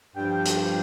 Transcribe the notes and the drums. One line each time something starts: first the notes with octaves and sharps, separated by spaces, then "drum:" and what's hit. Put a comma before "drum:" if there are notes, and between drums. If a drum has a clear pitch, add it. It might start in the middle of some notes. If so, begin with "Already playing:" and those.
G2 F3 G5
G5, drum: hi-hat